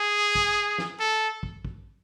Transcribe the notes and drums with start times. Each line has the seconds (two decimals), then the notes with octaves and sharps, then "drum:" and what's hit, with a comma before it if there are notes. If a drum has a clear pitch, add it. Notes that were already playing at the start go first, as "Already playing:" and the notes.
Already playing: G#4
0.35 drum: kick
0.78 drum: snare
1.00 A4
1.43 drum: kick
1.65 drum: kick